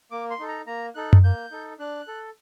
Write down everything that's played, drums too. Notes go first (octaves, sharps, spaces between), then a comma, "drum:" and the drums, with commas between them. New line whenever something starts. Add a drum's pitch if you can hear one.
A#3 D6
C6
D#4 A4
A#5
A#3 A#5
D#4 A4 F#6
drum: tom F#2
A#3 G6
D#4 A4
D4 F#6
A4